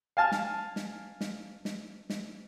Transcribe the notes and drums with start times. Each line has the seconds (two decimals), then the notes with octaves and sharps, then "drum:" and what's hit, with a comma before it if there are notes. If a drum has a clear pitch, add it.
0.17 F5 G#5 A5 F6
0.32 drum: snare
0.76 drum: snare
1.21 drum: snare
1.65 drum: snare
2.10 drum: snare